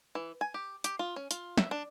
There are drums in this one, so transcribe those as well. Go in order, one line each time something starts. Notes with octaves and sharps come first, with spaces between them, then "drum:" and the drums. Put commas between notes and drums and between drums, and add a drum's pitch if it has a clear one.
E3
G#5
G4
G4, drum: hi-hat
F4
C#4
F4, drum: hi-hat
E5, drum: snare
D4